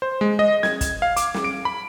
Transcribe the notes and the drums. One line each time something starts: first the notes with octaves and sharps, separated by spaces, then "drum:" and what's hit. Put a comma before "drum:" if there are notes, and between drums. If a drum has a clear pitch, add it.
C5
G#3
D#5
G#6, drum: snare
drum: kick, hi-hat
F5
D6, drum: hi-hat
drum: snare
D7
B5